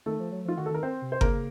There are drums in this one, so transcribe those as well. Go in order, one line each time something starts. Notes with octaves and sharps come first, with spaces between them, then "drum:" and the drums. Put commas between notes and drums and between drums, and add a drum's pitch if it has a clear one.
D#3 A3 A4
F3
F#3
F3
F4
D#3 F#4
A4
D#3
A#4
C4 C5
C3
C5
C#3 A#3 A#4, drum: kick G1